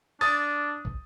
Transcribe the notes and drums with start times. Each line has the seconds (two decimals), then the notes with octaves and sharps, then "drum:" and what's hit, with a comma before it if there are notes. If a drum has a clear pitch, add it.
0.21 D4 D#6 A6, drum: open hi-hat
0.85 drum: kick